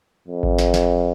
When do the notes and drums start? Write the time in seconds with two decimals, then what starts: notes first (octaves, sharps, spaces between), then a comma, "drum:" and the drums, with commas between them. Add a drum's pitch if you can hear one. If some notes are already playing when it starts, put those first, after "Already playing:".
0.28 F2
0.43 drum: kick G#1
0.58 drum: snare
0.74 drum: snare